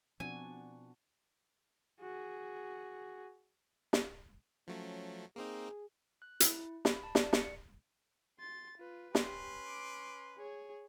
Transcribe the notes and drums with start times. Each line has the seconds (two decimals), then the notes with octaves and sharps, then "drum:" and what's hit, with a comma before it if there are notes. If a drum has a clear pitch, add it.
0.20 B2 F3 C4 D4 F#4 G#5
2.01 F#4 G#4
3.93 drum: snare
4.68 F3 F#3 A3 C#4
5.36 A#3 C4 D#4 G#4
6.22 F#6
6.40 E4, drum: hi-hat
6.85 B5, drum: snare
7.04 A5
7.15 D5, drum: snare
7.33 C#7, drum: snare
8.40 C6 A6
8.78 F4 B4
9.15 C#4 G4 B4 C6, drum: snare
9.67 D6
10.38 G#4 C#5